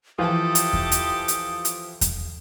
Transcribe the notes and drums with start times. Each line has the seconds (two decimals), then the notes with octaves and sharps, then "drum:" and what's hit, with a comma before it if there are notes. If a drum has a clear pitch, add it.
0.18 E3 F3 F4 G4 A4 D#6
0.55 drum: hi-hat
0.73 drum: kick E2
0.92 drum: hi-hat
1.28 drum: hi-hat
1.65 drum: hi-hat
2.01 drum: kick E2, hi-hat